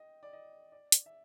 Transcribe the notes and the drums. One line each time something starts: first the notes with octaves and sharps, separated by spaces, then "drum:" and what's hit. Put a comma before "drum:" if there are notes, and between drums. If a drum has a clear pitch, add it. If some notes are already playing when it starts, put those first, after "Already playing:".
Already playing: D#5 G5
D5
D#5
D5
drum: hi-hat
E5